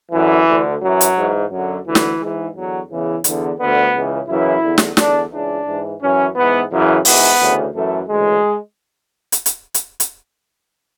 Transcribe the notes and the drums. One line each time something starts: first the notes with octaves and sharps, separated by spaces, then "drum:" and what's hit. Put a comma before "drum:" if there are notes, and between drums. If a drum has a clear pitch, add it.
F#2 D3 E3
D2 D3
F#2 E3 F#3
drum: hi-hat
G#2 E3
F#2 F#3
D3
D2 D3 E3
drum: snare
G#2 E3
E2 D3 F#3
E2 C#3 E3
E2 D3, drum: hi-hat
D2 D3 B3
C#2 C#3 E3
F#2 C#3 E3 E4
E2 D3
drum: snare
E2 D3 D4, drum: snare
C#2 C#3 E3 D4
G#2 E3
F#2 E3 C#4
G#2 E3 B3
F#2 C#3 E3
G#2 E3 B3, drum: open hi-hat
D2 C#3 E3
F#2 E3 A3
D2 C#3 E3 G#3
drum: hi-hat
drum: hi-hat
drum: hi-hat
drum: hi-hat